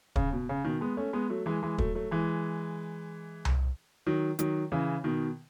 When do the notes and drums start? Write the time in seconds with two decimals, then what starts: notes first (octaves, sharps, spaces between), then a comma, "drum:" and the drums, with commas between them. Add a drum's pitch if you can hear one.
0.16 C#3, drum: kick
0.33 B2
0.49 C#3
0.64 B2 D#3
0.81 G#3 B3
0.97 A3 C#4
1.13 G#3 B3
1.30 F#3 A3
1.46 E3 G#3
1.63 E3 G#3
1.78 F#3 A3, drum: kick
1.95 F#3 A3
2.11 E3 G#3
3.45 drum: tom C2
4.06 D#3 F#3
4.39 D#3 F#3, drum: hi-hat
4.72 C#3 E3
5.04 B2 D#3